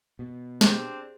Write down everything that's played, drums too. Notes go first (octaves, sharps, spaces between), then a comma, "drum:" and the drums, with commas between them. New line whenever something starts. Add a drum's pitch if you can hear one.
B2
C4 D4 G4 G#4 C5, drum: snare